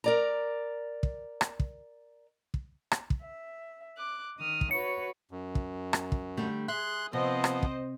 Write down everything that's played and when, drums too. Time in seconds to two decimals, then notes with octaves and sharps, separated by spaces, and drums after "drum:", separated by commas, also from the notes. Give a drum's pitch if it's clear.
0.04 A#4 D5 A#5
1.03 drum: kick
1.41 drum: rim click
1.60 drum: kick
2.54 drum: kick
2.91 drum: rim click
3.10 drum: kick
3.21 E5
3.97 D6 F#6
4.38 D#3 D#6 F6
4.61 drum: kick
4.71 F#4 B4 C#5 C#7
5.31 F#2
5.55 drum: kick
5.93 drum: rim click
6.12 drum: kick
6.37 D3 G3 A3
6.68 G#4 E5 C6 F#6
7.13 C3 F3 B3 C4 C5 D#5
7.44 drum: rim click
7.63 drum: kick